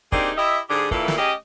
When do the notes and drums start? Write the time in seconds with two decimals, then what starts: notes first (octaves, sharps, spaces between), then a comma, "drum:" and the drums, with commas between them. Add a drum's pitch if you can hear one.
0.12 A#3 C4 D4 D#4 G4 G#4, drum: kick
0.38 E4 G4 D#5 E5
0.70 G#2 D3 G4 G#4
0.91 G2 A#2 E3 A#3 E4 A4, drum: kick
1.08 drum: snare
1.18 C#4 G4 G#4 D#5